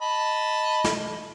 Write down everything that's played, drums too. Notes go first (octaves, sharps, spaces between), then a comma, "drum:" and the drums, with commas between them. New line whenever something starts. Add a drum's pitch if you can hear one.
D#5 A5 B5
drum: snare